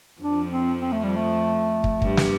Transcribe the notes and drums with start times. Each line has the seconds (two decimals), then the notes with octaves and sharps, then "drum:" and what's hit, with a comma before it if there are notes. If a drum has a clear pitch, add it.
0.21 F2 F3 D4
0.51 C4
0.81 C4
0.92 A3
1.04 G3
1.16 A3
1.84 drum: kick
2.02 G2 G3, drum: kick
2.17 drum: snare